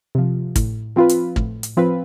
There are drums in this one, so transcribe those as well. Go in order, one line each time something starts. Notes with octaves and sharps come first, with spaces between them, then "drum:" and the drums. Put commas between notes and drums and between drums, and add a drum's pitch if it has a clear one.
C3 F3
A2, drum: kick, hi-hat
F3 C4 F4 B4
drum: hi-hat
A2, drum: kick
drum: hi-hat
F3 C4 F4 B4